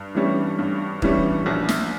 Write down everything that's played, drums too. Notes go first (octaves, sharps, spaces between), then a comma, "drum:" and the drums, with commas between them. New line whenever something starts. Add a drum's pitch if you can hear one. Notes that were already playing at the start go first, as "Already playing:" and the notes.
Already playing: G2
E3 G3 C#4
G2
E3 G3 C#4, drum: kick
A#1
drum: snare